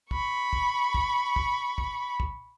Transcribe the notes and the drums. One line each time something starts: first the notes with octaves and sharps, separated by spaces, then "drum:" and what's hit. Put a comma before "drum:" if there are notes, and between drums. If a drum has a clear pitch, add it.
B5 C#6, drum: kick
drum: kick
drum: kick
drum: kick
drum: kick
drum: kick